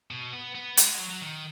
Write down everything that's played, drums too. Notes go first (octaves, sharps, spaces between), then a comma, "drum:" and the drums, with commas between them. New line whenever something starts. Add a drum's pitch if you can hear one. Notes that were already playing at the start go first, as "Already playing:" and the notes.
B2
B3
B3
G#3, drum: hi-hat
F#3
F#3
D#3